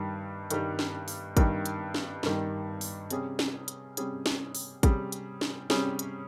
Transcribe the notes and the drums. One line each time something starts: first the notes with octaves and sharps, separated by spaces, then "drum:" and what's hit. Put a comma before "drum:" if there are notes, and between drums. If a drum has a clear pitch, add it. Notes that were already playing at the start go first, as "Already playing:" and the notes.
Already playing: G2 D#3 G3
G2 D#3 G3, drum: hi-hat
drum: snare
drum: open hi-hat
G2 D#3 G3, drum: kick, hi-hat
drum: hi-hat
drum: snare
G2 D#3 G3, drum: snare
drum: open hi-hat
C3 G3 C#4 G#4, drum: hi-hat
drum: snare
drum: hi-hat
C3 G3 C#4 G#4, drum: hi-hat
drum: snare
drum: open hi-hat
C3 G3 C#4 G#4, drum: kick, hi-hat
drum: hi-hat
drum: snare
C3 G3 C#4 G#4, drum: snare
drum: hi-hat